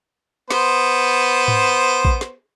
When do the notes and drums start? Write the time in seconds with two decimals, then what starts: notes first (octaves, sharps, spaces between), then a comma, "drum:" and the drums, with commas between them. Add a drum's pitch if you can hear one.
0.51 B3 C5, drum: snare
1.48 drum: tom G#2
2.05 drum: kick A#1
2.21 drum: snare